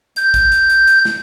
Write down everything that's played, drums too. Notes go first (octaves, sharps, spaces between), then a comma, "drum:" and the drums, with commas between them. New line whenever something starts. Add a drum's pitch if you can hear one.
G6, drum: hi-hat
drum: kick, hi-hat
drum: hi-hat
drum: hi-hat
drum: hi-hat
drum: snare